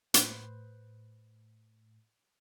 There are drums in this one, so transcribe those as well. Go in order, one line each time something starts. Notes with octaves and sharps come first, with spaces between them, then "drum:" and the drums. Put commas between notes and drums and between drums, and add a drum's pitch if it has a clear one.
A2 B4 C5, drum: hi-hat